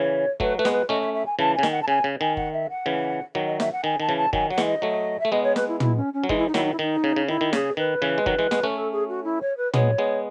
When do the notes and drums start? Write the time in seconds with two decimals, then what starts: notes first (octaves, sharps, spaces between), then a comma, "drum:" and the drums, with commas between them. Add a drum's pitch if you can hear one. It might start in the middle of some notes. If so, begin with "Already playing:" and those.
Already playing: C#3 E3 C#5
0.40 F#3 A3 B4, drum: kick F#1
0.57 A3 B4
0.65 G#3 B3, drum: snare
0.73 B4
0.89 A3 C#4 D#5
1.01 E5
1.14 E5
1.26 G#5
1.39 C#3 E3 A5
1.55 C#3 G#5
1.63 D#3, drum: snare
1.71 F#5
1.82 A5
1.88 C#3 G#5
2.04 C#3
2.21 D#3 G#5
2.37 F#5, drum: kick F#1
2.53 E5
2.70 F#5
2.86 C#3 E3
3.35 D#3 F#3
3.47 D#5
3.60 E5, drum: snare
3.72 F#5
3.84 D#3 G#5
4.00 D#3 A5
4.09 C#3 E3
4.17 A5
4.33 D#3 F#3 G#5, drum: kick F#1
4.50 F#3 F#5
4.58 E3 G#3, drum: snare
4.66 D#5
4.82 F#3 A3
5.20 E5
5.25 A3
5.32 G#3 B3 D#5
5.43 C#5
5.56 B4, drum: snare
5.68 E4
5.80 E4, drum: tom
5.97 C#4
6.13 C#4
6.24 F#3
6.29 E3 G#3 D#4, drum: kick F#1
6.38 E4
6.47 D#4
6.54 D#3 F#3 E4, drum: snare
6.64 D#4
6.72 E4
6.79 D#3 D#4
7.04 C#3
7.16 C#3
7.28 D#3 E4
7.41 D#3
7.53 C#3 G#4, drum: snare
7.77 D#3 B4
8.02 C#3 E3
8.18 G#3
8.26 D#3 F#3, drum: kick F#1
8.39 E3 G#3
8.51 G#3 B3, drum: snare
8.63 A3 C#4
8.75 A4
8.92 G#4
9.08 F#4
9.24 E4
9.41 C#5
9.57 B4
9.74 G#3 B3 C#5, drum: tom
9.98 G#3 B3